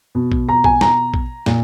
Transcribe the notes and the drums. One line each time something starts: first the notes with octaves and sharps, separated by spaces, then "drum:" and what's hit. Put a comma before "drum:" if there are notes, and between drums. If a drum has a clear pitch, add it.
B2
drum: kick
A#5
G#5, drum: kick
A#5, drum: snare
drum: kick
A#2, drum: snare